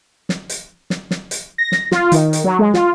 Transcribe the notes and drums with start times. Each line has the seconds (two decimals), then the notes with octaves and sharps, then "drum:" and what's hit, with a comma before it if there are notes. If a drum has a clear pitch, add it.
0.29 drum: snare
0.49 drum: hi-hat
0.90 drum: snare
1.11 drum: snare
1.31 drum: hi-hat
1.58 A#6
1.72 drum: snare
1.91 F4, drum: snare
2.12 D#3, drum: hi-hat
2.33 drum: hi-hat
2.44 F#3
2.59 G#3
2.74 F4, drum: snare